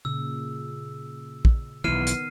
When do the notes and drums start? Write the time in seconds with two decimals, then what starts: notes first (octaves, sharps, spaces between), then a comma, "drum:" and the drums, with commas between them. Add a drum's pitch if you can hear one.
0.05 A#2 C#3 E6
1.45 drum: kick
1.84 B1 D#3 E3 B3 F6 C7 D#7
2.07 drum: hi-hat